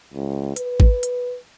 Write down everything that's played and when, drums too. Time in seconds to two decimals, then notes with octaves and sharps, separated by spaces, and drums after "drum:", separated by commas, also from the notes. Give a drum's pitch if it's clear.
0.14 C#2
0.56 B4, drum: hi-hat
0.80 drum: kick
1.03 drum: hi-hat